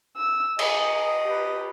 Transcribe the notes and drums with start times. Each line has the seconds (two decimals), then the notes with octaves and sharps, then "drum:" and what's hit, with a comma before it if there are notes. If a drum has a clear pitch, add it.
0.17 E6
0.59 G#4 D#5 D#6, drum: cymbal
1.24 G4 B4